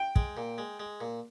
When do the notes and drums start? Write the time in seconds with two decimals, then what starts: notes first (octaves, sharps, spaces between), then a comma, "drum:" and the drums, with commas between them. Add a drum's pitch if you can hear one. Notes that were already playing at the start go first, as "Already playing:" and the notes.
Already playing: G5
0.16 G#3, drum: kick
0.37 A#2
0.58 G#3
0.80 G#3
1.01 A#2